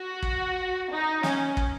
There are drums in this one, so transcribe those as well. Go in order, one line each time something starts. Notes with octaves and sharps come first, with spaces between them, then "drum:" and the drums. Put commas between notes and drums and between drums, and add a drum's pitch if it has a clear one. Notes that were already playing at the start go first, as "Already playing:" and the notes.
Already playing: F#4
drum: kick
D#4
C#4, drum: snare
drum: kick